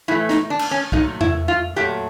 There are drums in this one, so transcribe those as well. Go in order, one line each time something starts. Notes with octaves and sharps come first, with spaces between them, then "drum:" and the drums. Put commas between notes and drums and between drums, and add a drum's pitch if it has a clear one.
A2 E3 A3 E4
D#4, drum: snare
D4
drum: cymbal
C#4
A#2 F#3 A3 D#4, drum: kick
E4, drum: tom E2
F4
A#2 F#3 A3 G4